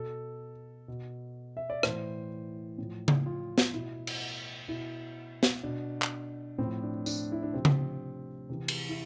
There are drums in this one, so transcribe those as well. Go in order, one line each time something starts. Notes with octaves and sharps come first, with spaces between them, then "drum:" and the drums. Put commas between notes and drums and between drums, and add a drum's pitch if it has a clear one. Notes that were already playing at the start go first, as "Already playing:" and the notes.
Already playing: B2 A4
B2
E5
D5
A2 E3 C5, drum: rim click
A2 F3
drum: tom C#3
F4
drum: snare
B2 E4
drum: cymbal
B2 E4
drum: snare
B2 D4
drum: clap
A2 F3 C4
D4
D4, drum: tambourine
E4
D4
C3 F3 C4
drum: tom C#3
C3 E3
drum: cymbal
E4